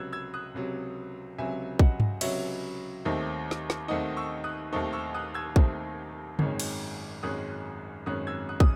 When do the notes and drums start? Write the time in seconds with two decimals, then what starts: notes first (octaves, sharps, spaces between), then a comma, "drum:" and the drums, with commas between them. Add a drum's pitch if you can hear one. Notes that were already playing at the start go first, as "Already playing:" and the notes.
Already playing: C#2 C3 F#3 E6 F#6 G#6
0.13 E6 G#6
0.34 D#6 F#6
0.54 C#2 C3 F#3
1.38 C#2 C3 F#3 E5 G#5
1.79 D#5 F#5, drum: kick
2.00 drum: tom G2
2.21 C#2 C3 F#3 C#5 E5, drum: cymbal
3.05 D#2 D#3 A3 C4 D#4
3.51 drum: snare
3.70 drum: snare
3.88 D#2 D#3 A3 C4 D#4 D#5 F#5
4.17 C#6 E6
4.44 D#6 F#6
4.72 D#2 D#3 A3 C4 D#4 A5 C#6
4.93 C#6 E6
5.15 D#6 F#6
5.34 E6 G#6
5.56 D#2 D#3 A3 C4 D#4, drum: kick
6.39 G#1 F#2 D#3 G#3 C#4, drum: tom C#3
6.60 drum: cymbal
7.23 G#1 F#2 D#3 G#3 C#4 D#6 F#6
8.06 G#1 F#2 D#3 G#3 C#4 D#6 F#6
8.27 E6 G#6
8.49 D#6 F#6
8.60 D#6, drum: kick